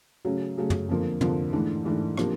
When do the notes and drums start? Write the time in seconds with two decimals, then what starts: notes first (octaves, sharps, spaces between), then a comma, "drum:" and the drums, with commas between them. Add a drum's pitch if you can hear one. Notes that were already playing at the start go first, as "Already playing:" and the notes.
0.25 C#3 F#3 A3 C#4
0.58 C#3 F#3 A3 C#4
0.70 drum: tom
0.89 F2 D3 F3 A#3
1.21 F2 D3 F3 A#3, drum: tom
1.53 G#2 E3 A3 D4
1.85 G#2 E3 A3 D4
2.18 C3 F3 A#3 D4, drum: rim click